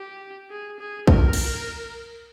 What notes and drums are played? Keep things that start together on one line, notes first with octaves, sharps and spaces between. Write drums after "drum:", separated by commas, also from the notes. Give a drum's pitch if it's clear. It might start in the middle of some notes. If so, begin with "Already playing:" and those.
Already playing: G4
G#4
G#4
A#4, drum: kick
drum: cymbal